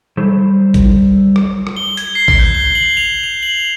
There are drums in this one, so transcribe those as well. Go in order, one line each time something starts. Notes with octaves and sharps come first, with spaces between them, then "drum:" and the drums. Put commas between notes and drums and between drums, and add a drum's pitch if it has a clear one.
F#3 G3 E4 A4 C5
drum: kick, hi-hat
drum: rim click
drum: rim click
G7
G#6, drum: hi-hat
C7
drum: kick
G6
G7
F#7
F7
F7
F#7